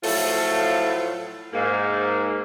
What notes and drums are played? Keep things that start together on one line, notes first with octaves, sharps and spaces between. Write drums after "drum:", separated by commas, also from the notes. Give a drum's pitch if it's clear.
A2 F3 F#3 A3 F4 A4, drum: open hi-hat
G#2 A#3